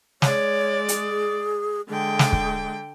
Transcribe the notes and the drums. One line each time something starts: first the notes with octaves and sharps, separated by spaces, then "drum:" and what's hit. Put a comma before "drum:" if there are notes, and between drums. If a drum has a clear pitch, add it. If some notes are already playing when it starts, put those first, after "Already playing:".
G#3 C#5 D5, drum: snare
G#4, drum: hi-hat
D3 G#3 G5
drum: snare
drum: kick